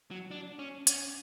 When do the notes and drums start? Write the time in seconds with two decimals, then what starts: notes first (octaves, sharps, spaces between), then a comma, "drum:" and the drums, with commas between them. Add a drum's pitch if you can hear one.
0.11 F#3
0.31 D4
0.59 C#4
0.87 C#4, drum: hi-hat